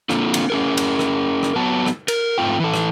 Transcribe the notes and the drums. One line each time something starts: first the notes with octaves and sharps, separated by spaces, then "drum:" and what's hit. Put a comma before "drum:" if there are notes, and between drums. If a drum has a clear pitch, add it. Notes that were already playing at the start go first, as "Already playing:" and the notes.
A#3 C4 D4 F4 A4, drum: rim click
drum: cymbal
C#4 G#4 A#4
drum: cymbal
drum: rim click
drum: rim click
F#3 B3 A5
drum: rim click
A#4, drum: cymbal
G#2 A3 C4 F4 G5
E3 A4
drum: rim click